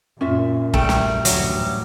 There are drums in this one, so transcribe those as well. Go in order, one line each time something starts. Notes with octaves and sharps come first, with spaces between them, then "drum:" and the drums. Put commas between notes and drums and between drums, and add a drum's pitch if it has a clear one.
F#2 A#2 C#4 F4 E5
G3 A3 G5, drum: kick
drum: snare
A1 D2 F#3, drum: hi-hat